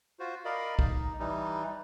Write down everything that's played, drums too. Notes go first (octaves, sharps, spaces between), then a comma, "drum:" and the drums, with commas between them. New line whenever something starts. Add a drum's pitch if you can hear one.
F4 F#4 C5
A#4 D5 D#5 F5 B5
D#4, drum: kick
E3 G3 D#4